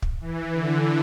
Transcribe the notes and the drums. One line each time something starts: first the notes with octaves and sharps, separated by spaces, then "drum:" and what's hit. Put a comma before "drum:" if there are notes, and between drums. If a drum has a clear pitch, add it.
drum: kick
E3
D3